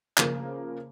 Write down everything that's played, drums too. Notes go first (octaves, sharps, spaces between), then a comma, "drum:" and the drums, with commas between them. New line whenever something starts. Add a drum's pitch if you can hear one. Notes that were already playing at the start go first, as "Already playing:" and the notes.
C#3 F3 A#3, drum: clap